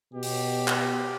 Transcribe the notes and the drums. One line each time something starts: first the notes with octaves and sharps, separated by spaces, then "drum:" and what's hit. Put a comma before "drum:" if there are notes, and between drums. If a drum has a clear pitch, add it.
B2 G4
drum: open hi-hat
drum: clap